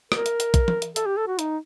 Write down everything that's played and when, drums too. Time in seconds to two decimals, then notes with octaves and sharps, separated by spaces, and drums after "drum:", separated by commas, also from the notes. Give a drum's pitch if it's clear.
0.12 A#4, drum: rim click
0.26 drum: hi-hat
0.40 drum: hi-hat
0.54 drum: kick A#1, hi-hat
0.68 drum: tom E3
0.82 drum: hi-hat
0.96 A4, drum: hi-hat
1.06 G4
1.17 A4
1.27 F#4
1.39 D#4, drum: hi-hat